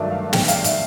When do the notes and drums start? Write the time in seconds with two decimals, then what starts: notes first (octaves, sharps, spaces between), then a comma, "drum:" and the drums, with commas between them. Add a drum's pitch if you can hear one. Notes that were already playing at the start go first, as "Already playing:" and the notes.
Already playing: G2 D#3 F#3 A3 D5 E5
0.12 F5
0.33 G5, drum: snare
0.48 F5, drum: hi-hat
0.64 E5, drum: hi-hat